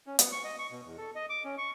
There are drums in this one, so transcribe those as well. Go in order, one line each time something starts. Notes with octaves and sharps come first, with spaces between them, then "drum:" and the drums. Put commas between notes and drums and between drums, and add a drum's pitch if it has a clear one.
C#4
B3, drum: hi-hat
C#6
D#5
C#6
B2
E2
A4
D#5
D6
C#4
C#6